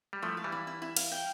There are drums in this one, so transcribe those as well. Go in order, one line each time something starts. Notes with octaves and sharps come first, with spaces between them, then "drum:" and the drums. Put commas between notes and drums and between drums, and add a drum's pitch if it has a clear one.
G3
F3 A3 E4
F5
E3 G3
E4
E4
E4
F5, drum: cymbal
G5